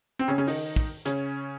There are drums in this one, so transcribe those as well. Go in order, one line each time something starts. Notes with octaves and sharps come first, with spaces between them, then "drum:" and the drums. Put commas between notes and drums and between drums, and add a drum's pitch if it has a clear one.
C4
C#3 C#4
C#3 C#4
D#3 D#4, drum: open hi-hat
drum: kick
C#3 C#4, drum: hi-hat